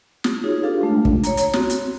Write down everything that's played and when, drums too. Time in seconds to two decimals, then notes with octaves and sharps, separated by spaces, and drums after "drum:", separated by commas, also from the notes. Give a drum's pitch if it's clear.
0.24 drum: snare
0.44 D#4 F4 F#4 G#4 C#5
0.63 D4 F4 G4 A4 B4 F5
0.81 G#3 A3 D4
1.05 drum: kick
1.23 C#5 A#5, drum: hi-hat
1.37 drum: hi-hat
1.53 B3 C4 F#4, drum: snare
1.70 drum: hi-hat